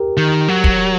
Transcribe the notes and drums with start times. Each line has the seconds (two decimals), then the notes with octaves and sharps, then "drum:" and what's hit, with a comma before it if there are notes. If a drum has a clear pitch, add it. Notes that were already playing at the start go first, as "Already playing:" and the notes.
Already playing: G4 A#4
0.17 D#3
0.48 F#3
0.64 drum: kick